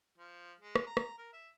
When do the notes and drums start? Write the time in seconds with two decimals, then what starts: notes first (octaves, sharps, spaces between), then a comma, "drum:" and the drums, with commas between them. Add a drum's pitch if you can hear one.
0.18 F3
0.60 G#3
0.76 drum: rim click
0.87 A#5
0.97 drum: rim click
1.18 A#4
1.33 E5